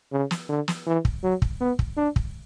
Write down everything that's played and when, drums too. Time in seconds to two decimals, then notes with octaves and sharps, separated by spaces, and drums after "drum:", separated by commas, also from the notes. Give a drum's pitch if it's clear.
0.12 C#3
0.31 drum: snare
0.49 D3
0.68 drum: snare
0.87 E3
1.05 drum: kick
1.23 F#3
1.42 drum: kick
1.60 B3
1.79 drum: kick
1.97 D4
2.16 drum: kick